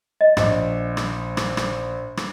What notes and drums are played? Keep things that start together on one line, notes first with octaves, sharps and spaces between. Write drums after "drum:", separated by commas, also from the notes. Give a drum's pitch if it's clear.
D#5
A#1, drum: rim click
drum: rim click
drum: rim click
drum: rim click
drum: rim click